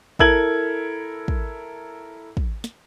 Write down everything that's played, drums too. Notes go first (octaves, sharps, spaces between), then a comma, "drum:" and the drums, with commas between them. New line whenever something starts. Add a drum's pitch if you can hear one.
E4 A4 A#4 G#6 F#7, drum: kick
drum: kick
drum: kick
drum: snare